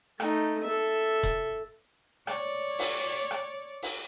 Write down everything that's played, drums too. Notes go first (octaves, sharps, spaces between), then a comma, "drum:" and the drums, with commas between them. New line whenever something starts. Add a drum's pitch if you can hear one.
A3 D#4, drum: rim click
A4 E5
drum: kick, hi-hat
C#5 D5, drum: rim click
drum: open hi-hat
drum: rim click
drum: open hi-hat